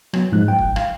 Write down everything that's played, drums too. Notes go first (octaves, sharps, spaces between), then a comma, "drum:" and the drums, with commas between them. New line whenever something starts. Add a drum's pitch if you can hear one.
F#3 B3, drum: rim click
G#2 F3 G#3 F#6
G5
drum: kick
F5, drum: rim click